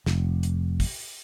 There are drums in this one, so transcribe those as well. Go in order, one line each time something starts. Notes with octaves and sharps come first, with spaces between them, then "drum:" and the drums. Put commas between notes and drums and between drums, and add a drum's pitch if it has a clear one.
F1, drum: snare
drum: hi-hat
drum: kick, open hi-hat